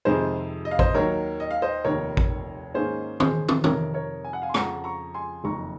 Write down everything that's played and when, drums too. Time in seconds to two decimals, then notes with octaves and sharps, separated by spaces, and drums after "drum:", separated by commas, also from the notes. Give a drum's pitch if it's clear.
0.05 F2 C3 D#3 G#3 G#4 C5
0.65 D#5
0.71 F5
0.79 C5 D#5, drum: kick A1
0.94 D#2 D#3 F#3 A#4 C#5
1.40 D#5
1.51 F5
1.62 C5 D#5
1.84 F1 D#2 D#3 A#4 C#5
2.17 drum: kick A1
2.74 G#2 D#3 A#3 C#4 G#4 C5
3.20 G#4 C5, drum: tom
3.49 drum: tom
3.64 F2 C3 D#3 A#4 C#5, drum: tom
3.94 A#4 C#5
4.24 G#5
4.33 F#5
4.42 F5 G#5
4.49 C6
4.54 F2 C#3 F3 F#5 A#5, drum: rim click
4.84 A#5 C#6
5.14 G#5 C6
5.44 F#1 F2 D#3 A#5 C#6